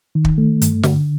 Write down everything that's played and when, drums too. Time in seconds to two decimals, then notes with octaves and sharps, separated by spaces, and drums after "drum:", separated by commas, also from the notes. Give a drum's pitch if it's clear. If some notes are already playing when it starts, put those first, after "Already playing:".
0.15 D#3
0.25 drum: kick
0.38 A3
0.61 G2, drum: hi-hat
0.83 D3, drum: snare